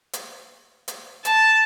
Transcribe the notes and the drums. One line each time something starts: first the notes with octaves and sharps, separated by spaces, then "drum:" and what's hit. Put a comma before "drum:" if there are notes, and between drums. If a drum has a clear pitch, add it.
drum: hi-hat
drum: hi-hat
A5, drum: hi-hat